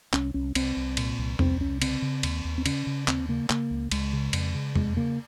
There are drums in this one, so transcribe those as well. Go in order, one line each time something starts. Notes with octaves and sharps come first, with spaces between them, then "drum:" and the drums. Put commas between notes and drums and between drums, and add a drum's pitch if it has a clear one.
C2 C#4, drum: clap
C2 C#4
C2 C4, drum: cymbal
C2
A#2, drum: cymbal
C2
C2 C4, drum: tom E2
C2 C#4
C#3 C4, drum: cymbal
C#3
D#2, drum: cymbal
D#2
C4
C#3 C#4, drum: cymbal
C#3
D#2 C4, drum: clap
C#3 A#3
C#3 A#3, drum: clap
C#2
C#2 G#3, drum: cymbal
C#3
F2, drum: cymbal
C#3
F2 G#3, drum: tom E2
C#3 A#3